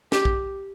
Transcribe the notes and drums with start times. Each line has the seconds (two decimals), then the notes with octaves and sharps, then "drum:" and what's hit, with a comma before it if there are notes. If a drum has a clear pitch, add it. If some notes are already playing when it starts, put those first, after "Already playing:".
0.12 G4, drum: snare
0.25 drum: kick